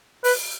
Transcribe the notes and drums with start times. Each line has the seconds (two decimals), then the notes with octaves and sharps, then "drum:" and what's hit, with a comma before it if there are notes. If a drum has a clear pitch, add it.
0.24 B4, drum: open hi-hat